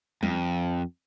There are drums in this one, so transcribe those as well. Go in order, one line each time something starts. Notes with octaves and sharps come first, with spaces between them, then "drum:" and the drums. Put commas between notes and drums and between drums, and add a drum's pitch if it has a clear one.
F2, drum: tom G3